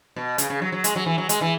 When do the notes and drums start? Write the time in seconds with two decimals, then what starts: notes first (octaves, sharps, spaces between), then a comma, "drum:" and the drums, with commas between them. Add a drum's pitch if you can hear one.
0.16 B2
0.38 C#3, drum: hi-hat
0.50 C#3
0.62 F#3
0.72 F#3
0.84 G#3, drum: hi-hat
0.96 F#3
1.06 E3
1.18 F#3
1.29 G#3, drum: hi-hat
1.41 E3